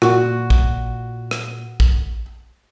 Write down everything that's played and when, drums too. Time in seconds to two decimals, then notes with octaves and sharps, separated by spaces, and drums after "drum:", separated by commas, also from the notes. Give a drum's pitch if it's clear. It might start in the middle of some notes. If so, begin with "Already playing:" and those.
0.02 A#2 F#4, drum: rim click
0.50 drum: kick
1.31 drum: rim click
1.80 drum: kick